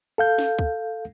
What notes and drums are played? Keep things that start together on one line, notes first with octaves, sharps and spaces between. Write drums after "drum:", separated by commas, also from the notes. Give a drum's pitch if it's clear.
A4 F5 G6
drum: snare
drum: kick